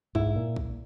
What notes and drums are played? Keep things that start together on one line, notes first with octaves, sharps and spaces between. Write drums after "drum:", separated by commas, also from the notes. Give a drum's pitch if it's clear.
G#2 E4, drum: kick
A#2
drum: kick